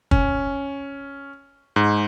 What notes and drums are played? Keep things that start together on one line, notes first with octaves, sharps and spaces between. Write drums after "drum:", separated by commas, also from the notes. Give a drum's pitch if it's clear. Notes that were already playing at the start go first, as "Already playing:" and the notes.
C#4, drum: kick
G#2